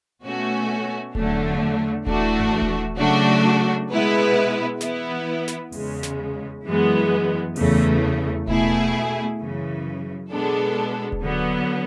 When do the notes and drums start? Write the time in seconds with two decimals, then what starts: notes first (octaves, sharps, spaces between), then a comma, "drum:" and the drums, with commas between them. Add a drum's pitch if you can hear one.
0.23 B2 A3 C#4 F#4
1.15 E2 D3 F#3 A3 D4, drum: kick D#1
2.06 E3 A3 D4 F#4, drum: kick D#1
2.40 drum: tom F#2
2.62 drum: kick D#1
2.98 C#3 F#3 A3 D4 F#4
3.90 B2 G#3 B3 E4 B4
4.81 E3 B3 E4 B4, drum: snare
5.48 drum: snare
5.72 E2 C#3 G#3, drum: open hi-hat
6.03 drum: snare
6.65 F#2 E3 G#3 B3
7.56 E2 C#3 E3 A3, drum: open hi-hat
8.47 B2 A3 E4 G#4, drum: kick D#1
9.39 F#2 C#3 E3
10.31 B2 G#3 B3 D4 A4
11.12 drum: kick D#1
11.22 D3 F#3 B3